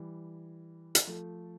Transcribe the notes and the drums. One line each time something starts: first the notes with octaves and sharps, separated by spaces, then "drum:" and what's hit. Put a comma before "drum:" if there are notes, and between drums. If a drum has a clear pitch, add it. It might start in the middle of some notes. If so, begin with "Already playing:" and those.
Already playing: E3 G3
drum: hi-hat
F3 A3